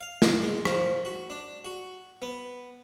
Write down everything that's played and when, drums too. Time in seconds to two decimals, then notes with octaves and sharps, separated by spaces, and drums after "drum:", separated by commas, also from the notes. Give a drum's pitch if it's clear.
0.01 F5
0.22 drum: snare
0.42 G#3
0.65 F3, drum: rim click
1.05 F#4
1.30 D4
1.65 F#4
2.22 B3